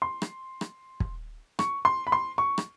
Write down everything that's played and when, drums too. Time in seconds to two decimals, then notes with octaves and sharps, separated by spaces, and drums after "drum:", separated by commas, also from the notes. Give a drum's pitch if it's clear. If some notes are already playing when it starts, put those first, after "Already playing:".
0.02 C6
0.22 drum: rim click
0.61 drum: rim click
1.00 drum: kick
1.59 C#6, drum: rim click
1.85 C6
2.07 B5
2.12 C6
2.38 C#6
2.58 drum: rim click